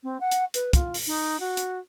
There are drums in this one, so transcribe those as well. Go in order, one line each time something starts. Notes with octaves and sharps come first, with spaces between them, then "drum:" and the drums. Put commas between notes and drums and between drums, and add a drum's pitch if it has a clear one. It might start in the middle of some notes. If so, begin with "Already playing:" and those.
C4
F#5
drum: hi-hat
B4, drum: hi-hat
F4, drum: kick, hi-hat
drum: open hi-hat
D#4
F#4
drum: hi-hat